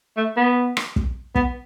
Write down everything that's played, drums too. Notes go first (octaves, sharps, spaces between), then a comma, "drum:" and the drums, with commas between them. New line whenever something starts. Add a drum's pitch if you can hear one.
A3
B3
drum: rim click
drum: kick
B3, drum: kick